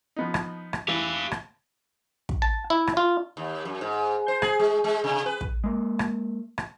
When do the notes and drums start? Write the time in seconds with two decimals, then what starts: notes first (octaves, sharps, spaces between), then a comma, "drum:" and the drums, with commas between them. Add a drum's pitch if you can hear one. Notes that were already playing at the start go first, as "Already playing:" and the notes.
0.16 F3 B3 D#4
0.34 drum: rim click
0.73 drum: rim click
0.88 E3 G4 F5
1.31 drum: rim click
2.29 drum: kick
2.42 A5
2.70 E4
2.87 drum: rim click
2.97 F4
3.37 D#2
3.65 F#2
3.81 G#2
4.28 C5
4.42 G#4, drum: rim click
4.59 G#3
4.84 G#3
5.04 C3
5.26 B4
5.41 drum: kick
5.64 G#3 A#3
5.99 drum: rim click
6.58 drum: rim click